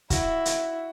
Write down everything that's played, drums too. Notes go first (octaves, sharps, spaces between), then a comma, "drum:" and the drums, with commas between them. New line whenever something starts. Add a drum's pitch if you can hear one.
E4 F#4, drum: kick, hi-hat
drum: hi-hat